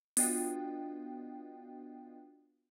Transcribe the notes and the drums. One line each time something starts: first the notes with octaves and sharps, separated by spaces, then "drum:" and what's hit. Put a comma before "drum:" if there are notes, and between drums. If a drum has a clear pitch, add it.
B3 D4 F4 F#4 D#5 G5, drum: open hi-hat